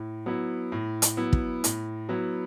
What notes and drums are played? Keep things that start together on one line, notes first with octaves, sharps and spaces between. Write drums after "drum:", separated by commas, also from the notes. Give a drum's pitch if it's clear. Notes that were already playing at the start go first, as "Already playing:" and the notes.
Already playing: A2
F#3 B3 E4
A2
drum: hi-hat
F#3 B3 E4
drum: kick
A2, drum: hi-hat
F#3 B3 E4